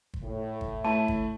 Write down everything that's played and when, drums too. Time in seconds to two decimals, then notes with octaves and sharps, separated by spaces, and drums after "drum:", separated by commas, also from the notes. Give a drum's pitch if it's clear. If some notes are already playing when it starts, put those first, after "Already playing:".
0.14 drum: kick
0.24 A2
0.61 drum: kick
0.85 A3 E4 A5
1.08 drum: kick